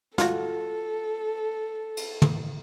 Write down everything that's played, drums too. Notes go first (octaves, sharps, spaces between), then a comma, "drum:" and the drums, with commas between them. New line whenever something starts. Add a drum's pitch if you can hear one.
F4 F#4 A4, drum: snare
drum: cymbal
drum: tom